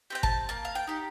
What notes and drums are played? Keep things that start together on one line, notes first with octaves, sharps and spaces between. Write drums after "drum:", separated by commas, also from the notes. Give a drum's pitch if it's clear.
C4 G4 G5
A5, drum: kick G1
A#3 A5
F5
G5
D#4 G4